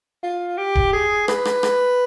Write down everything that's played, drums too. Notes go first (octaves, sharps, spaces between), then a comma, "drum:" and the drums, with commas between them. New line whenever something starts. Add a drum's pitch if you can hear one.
F4
G4
drum: kick D1
G#4
B4, drum: rim click
drum: rim click
drum: rim click